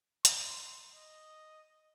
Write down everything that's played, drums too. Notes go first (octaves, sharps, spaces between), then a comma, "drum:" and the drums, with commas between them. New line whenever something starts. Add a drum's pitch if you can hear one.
C6, drum: hi-hat
D#5